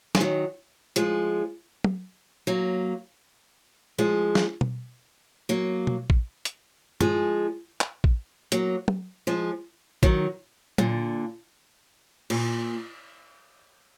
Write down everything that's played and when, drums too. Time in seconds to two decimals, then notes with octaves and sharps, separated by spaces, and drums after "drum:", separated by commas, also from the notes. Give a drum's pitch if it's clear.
0.15 G#3, drum: snare
0.21 D#3 F#3
0.96 F3 G#3, drum: hi-hat
1.84 drum: tom
2.47 F#3 A#3
3.98 F3 G#3
4.35 drum: snare
4.61 drum: tom B2
5.49 F#3 A#3
5.87 drum: tom B2
6.10 drum: kick A1
6.45 drum: hi-hat
7.01 F3 G#3, drum: tom
7.81 drum: clap
8.04 drum: kick A1
8.52 F#3 A#3, drum: hi-hat
8.88 drum: tom
9.27 F3 G#3
10.03 D#3 F#3, drum: kick A1
10.78 A#2 D3, drum: tom
12.30 A#2, drum: cymbal